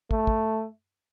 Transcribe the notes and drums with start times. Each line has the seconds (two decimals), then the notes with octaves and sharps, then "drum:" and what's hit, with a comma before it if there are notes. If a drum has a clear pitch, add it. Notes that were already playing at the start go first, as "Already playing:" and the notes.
0.11 A3, drum: kick
0.27 drum: kick